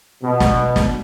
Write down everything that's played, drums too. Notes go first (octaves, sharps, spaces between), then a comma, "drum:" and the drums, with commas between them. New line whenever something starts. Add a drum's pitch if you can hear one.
B2
drum: snare
drum: snare